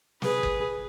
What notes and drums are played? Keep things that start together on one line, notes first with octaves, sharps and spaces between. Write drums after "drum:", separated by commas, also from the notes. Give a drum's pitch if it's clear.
G#4 B4, drum: snare
drum: kick G1